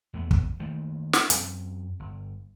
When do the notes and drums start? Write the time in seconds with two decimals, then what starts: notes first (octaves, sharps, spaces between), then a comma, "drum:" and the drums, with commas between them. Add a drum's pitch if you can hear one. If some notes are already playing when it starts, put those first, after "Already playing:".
0.13 E2 A3 B3
0.31 drum: kick
0.60 D#3 A3 A#3
1.13 drum: snare
1.30 F#2 C4, drum: hi-hat
2.00 G1